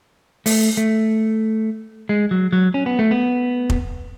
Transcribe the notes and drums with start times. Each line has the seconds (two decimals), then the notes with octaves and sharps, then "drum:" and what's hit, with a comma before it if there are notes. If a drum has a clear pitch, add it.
0.46 A3, drum: open hi-hat
0.77 A3
2.09 G#3
2.31 F#3
2.53 F#3
2.74 C#4
2.86 B3
2.99 A3
3.11 B3
3.70 drum: kick F1